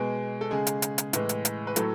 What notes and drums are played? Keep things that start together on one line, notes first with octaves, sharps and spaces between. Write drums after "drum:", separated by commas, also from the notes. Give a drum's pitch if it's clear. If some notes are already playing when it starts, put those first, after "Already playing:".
Already playing: B2 G#3 G#4
A4
C#3 G#3 G#4
drum: hi-hat
drum: hi-hat
drum: hi-hat
A2 E3 G#3, drum: hi-hat
drum: hi-hat
drum: hi-hat
B4
A2 F#3 A3 A4, drum: hi-hat